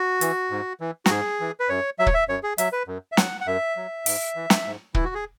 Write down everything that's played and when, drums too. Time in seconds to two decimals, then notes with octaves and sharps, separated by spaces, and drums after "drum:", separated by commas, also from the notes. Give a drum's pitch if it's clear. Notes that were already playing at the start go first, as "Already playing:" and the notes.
Already playing: F#4
0.21 E3, drum: hi-hat
0.51 G#2
0.81 E3
1.06 F#4, drum: snare
1.10 G#2 G#4
1.40 E3
1.60 B4
1.69 F#2 C#5
1.99 F#3 E5
2.07 C#5, drum: kick
2.14 E5
2.29 F#2 C#5
2.43 G#4
2.58 F#3 E5, drum: hi-hat
2.72 B4
2.88 F#2
3.12 E5
3.17 F#3 F#5, drum: snare
3.41 F#5
3.47 F#2 E5
3.77 F#3
4.06 G#2, drum: open hi-hat
4.36 E3
4.50 drum: snare
4.66 G#2
4.95 E3 E4, drum: kick
5.04 F#4
5.15 G#4